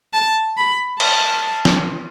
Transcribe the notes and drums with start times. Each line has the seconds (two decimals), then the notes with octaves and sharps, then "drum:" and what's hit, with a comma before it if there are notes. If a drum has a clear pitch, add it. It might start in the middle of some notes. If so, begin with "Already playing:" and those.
0.13 A5
0.57 B5
1.00 A5, drum: cymbal
1.65 drum: snare